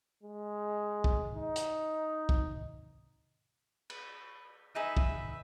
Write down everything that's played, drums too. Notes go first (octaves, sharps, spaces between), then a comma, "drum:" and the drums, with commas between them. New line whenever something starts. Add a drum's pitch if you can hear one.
G#3
drum: kick
D#4
drum: hi-hat
drum: kick
B4, drum: cymbal
D#4 G#4 B4 E5
drum: kick